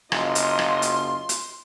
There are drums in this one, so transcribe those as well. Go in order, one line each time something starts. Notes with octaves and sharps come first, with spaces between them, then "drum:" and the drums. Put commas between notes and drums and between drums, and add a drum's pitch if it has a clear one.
F#1 F4 D#5 C6, drum: rim click
drum: hi-hat
drum: rim click
drum: hi-hat
drum: hi-hat